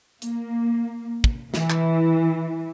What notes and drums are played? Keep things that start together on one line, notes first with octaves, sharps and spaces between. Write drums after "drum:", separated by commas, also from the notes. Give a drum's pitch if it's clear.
A#3, drum: hi-hat
drum: kick
E3, drum: snare
drum: clap